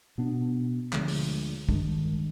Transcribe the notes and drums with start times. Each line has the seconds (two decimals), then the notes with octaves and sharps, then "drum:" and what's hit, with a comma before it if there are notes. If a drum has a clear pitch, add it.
0.18 B2 B3 D4
0.93 D2 D3 F3 G#3, drum: clap
1.08 drum: open hi-hat
1.69 G2 D#3 G#3 D4, drum: kick